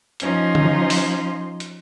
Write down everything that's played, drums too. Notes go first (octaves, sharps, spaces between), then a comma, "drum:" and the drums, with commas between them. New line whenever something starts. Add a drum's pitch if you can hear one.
F3 C#4 D#4 C6, drum: hi-hat
drum: tom D3
drum: open hi-hat
drum: hi-hat